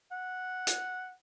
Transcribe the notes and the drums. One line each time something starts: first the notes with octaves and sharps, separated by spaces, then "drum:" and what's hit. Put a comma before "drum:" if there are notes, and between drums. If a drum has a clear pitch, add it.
F#5
drum: hi-hat